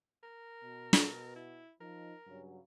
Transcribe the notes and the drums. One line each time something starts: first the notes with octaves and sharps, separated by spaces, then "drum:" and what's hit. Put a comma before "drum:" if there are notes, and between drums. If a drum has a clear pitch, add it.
A#4
B2
drum: snare
E4
F3 D#4 A#4
G2 C#3 F#3